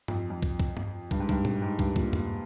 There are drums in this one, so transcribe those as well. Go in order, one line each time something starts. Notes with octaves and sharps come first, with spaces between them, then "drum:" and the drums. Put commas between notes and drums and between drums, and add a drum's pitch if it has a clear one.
F2, drum: tom G2
F2
drum: kick
drum: kick
drum: tom G2
G2, drum: kick
G#2
G2, drum: kick
drum: tom A#2
G#2
G2, drum: kick
A#2, drum: kick
drum: tom E2